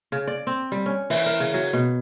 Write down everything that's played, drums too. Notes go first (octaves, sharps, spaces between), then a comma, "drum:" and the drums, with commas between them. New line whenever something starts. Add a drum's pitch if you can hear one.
C#3
D5
C4
G3
C#4
E3, drum: open hi-hat
A#4
C#3
F#3
B2